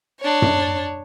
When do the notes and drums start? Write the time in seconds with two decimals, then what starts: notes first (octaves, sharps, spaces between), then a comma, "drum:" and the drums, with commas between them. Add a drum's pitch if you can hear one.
0.20 D4 C#5
0.42 drum: tom F#2